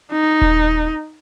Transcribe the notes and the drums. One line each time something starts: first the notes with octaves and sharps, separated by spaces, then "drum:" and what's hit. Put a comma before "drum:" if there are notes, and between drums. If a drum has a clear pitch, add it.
D#4
drum: kick D#1